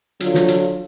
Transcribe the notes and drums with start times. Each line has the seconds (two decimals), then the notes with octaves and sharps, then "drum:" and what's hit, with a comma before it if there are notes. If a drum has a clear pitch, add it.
0.20 D3 F#3 F4, drum: hi-hat
0.34 drum: snare
0.48 drum: hi-hat